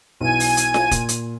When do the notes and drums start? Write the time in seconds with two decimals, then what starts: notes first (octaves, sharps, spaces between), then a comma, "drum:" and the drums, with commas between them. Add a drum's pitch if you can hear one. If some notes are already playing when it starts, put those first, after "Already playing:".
0.20 B1 E3 G#5 D#7
0.40 drum: open hi-hat
0.57 drum: hi-hat
0.74 drum: snare F4
0.91 A#2, drum: kick, hi-hat
1.09 drum: hi-hat